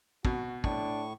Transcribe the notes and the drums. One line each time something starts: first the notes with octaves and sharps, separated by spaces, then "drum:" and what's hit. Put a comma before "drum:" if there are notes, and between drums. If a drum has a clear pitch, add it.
B2 F#4, drum: kick
A2 D4 C#6, drum: kick